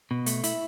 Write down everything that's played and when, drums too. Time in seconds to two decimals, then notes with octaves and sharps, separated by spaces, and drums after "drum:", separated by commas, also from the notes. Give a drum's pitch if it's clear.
0.11 B2
0.26 A3, drum: hi-hat
0.44 E4, drum: hi-hat